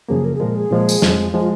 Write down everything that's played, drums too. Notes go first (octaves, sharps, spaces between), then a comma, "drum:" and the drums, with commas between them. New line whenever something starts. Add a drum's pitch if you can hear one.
F#2 C#3 F3 A#3 G#4
A#4
G#4
A#2 F3 G#3 A#4
G#4
A#2 F3 G#3
drum: tambourine
F2 F3 G#3, drum: snare
F3 G#3
F4